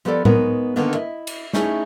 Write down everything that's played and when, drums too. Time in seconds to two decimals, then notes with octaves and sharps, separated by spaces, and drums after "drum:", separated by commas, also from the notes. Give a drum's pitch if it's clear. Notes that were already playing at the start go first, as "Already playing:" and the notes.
0.05 F3 B3 G4 A4 D5
0.25 G#3 B3 D#4 A#4 B4 C#5, drum: tom A2
0.76 D3 D#3 A#3 B3 D#4
0.95 E4 D#5
1.27 drum: cymbal
1.53 A3 C#4 D#4 E4 G#4 C#5, drum: snare